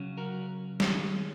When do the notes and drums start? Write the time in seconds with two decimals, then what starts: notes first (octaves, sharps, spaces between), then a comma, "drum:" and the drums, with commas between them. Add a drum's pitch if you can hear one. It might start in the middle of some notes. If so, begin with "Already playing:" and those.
Already playing: C#3 F#3 C#4
0.17 F#4 A#4
0.80 D#3 G#3 C#4 G#4 C#5, drum: snare